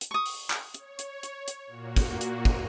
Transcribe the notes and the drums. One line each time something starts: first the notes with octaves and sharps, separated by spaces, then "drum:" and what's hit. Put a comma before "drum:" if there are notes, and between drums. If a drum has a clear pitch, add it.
drum: hi-hat
C#6 D#6
drum: open hi-hat
drum: clap
C#5, drum: hi-hat
drum: hi-hat
drum: hi-hat
drum: hi-hat
A#2 A#3 F#4
drum: kick, hi-hat
drum: hi-hat
drum: kick